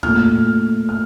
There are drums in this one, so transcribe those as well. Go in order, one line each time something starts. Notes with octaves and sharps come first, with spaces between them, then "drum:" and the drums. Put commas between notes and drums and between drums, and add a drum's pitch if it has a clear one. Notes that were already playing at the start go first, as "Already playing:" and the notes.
A#2 A3 F6, drum: tom F2
F6